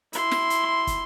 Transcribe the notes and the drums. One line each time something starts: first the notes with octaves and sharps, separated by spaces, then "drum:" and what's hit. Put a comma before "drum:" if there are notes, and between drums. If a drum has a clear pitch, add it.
E4 C6, drum: hi-hat
drum: snare
drum: hi-hat
drum: kick, hi-hat